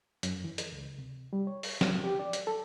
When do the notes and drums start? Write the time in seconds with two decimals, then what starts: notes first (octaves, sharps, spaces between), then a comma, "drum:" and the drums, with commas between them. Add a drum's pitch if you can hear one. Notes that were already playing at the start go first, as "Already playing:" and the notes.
0.23 F#2, drum: hi-hat
0.44 E3
0.58 drum: hi-hat
0.72 C#2
0.98 C3
1.33 G3
1.47 C#5
1.63 drum: open hi-hat
1.81 F#3, drum: snare
2.04 G4
2.19 D5
2.33 drum: hi-hat
2.47 A4